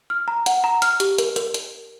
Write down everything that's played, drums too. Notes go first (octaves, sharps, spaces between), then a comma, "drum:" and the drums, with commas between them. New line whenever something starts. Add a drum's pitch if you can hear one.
F6
A#5
F#5, drum: hi-hat
A#5
F6, drum: hi-hat
G4, drum: hi-hat
A#4, drum: hi-hat
A#4, drum: hi-hat
drum: hi-hat